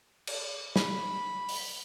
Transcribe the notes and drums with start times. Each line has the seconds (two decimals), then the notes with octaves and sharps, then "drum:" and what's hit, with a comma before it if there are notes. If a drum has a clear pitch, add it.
0.27 drum: cymbal
0.76 B5, drum: snare
1.49 drum: open hi-hat